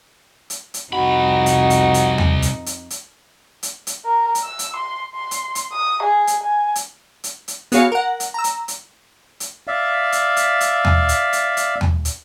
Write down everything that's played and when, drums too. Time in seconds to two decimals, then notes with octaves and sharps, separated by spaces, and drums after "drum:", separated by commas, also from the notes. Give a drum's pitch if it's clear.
0.50 drum: hi-hat
0.74 drum: hi-hat
0.93 C2 F2 D#4 F#4 B5
1.46 drum: hi-hat
1.70 drum: hi-hat
1.94 drum: hi-hat
2.18 drum: tom
2.42 drum: hi-hat
2.66 drum: hi-hat
2.90 drum: hi-hat
3.63 drum: hi-hat
3.87 drum: hi-hat
4.05 A#4
4.35 drum: hi-hat
4.44 E6
4.59 drum: hi-hat
4.77 C6
5.15 C6
5.31 drum: hi-hat
5.55 drum: hi-hat
5.73 D#6
6.03 G#4
6.27 drum: hi-hat
6.44 G#5
6.75 drum: hi-hat
7.24 drum: hi-hat
7.48 drum: hi-hat
7.72 B3 F#4 G#4 C#5 F5 C#7, drum: hi-hat
7.92 A#4 F#5
8.20 drum: hi-hat
8.34 A#5 E6
8.44 drum: hi-hat
8.68 drum: hi-hat
9.40 drum: hi-hat
9.67 D5 E5 F5
10.12 drum: hi-hat
10.36 drum: hi-hat
10.61 drum: hi-hat
10.85 drum: tom
11.09 drum: hi-hat
11.33 drum: hi-hat
11.57 drum: hi-hat
11.81 drum: tom
12.05 drum: hi-hat